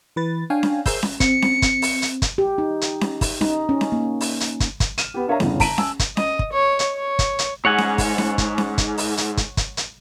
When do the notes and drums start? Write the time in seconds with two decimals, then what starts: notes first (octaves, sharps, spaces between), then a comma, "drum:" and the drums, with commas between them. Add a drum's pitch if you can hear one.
0.16 E3 B4 A6
0.50 D4 C#5 F5 G5 G#5
0.63 drum: snare C#4
0.86 G#4 A#4 C5 C6 E6 G6, drum: kick, open hi-hat
1.03 drum: snare C#4
1.20 C4 C#7, drum: kick, hi-hat
1.42 drum: snare C#4
1.62 drum: kick, hi-hat
1.82 drum: open hi-hat
2.02 drum: hi-hat
2.22 drum: kick, hi-hat
2.38 G4
2.58 D#4
2.81 drum: hi-hat
3.01 drum: snare C#4
3.21 drum: kick, open hi-hat
3.41 D#4, drum: snare C#4
3.69 C#4
3.81 drum: snare C#4
3.92 A#3
4.21 drum: open hi-hat
4.40 drum: hi-hat
4.60 drum: kick, hi-hat
4.80 drum: kick, hi-hat
4.98 F6 D#7 E7, drum: hi-hat
5.14 B3 G4
5.27 D4 A#4 C#5 E5 F5 A#5
5.40 G1 E2 C#3, drum: snare C#4
5.60 A5 A#5 B6 D7 D#7 F#7, drum: kick, open hi-hat
5.78 G#5 A5 E6, drum: snare C#4
5.99 drum: kick, hi-hat
6.17 D#5, drum: snare C#4
6.39 drum: kick
6.52 C#5
6.79 drum: hi-hat
6.95 C#5
7.19 drum: kick, hi-hat
7.39 drum: hi-hat
7.65 G#2 C#5 F#5 G#5
7.78 drum: snare C#4
7.98 drum: kick, open hi-hat
8.18 drum: snare C#4
8.38 drum: kick, hi-hat
8.58 drum: snare C#4
8.78 drum: kick, hi-hat
8.98 drum: open hi-hat
9.17 drum: hi-hat
9.37 drum: kick, hi-hat
9.57 drum: kick, hi-hat
9.77 drum: hi-hat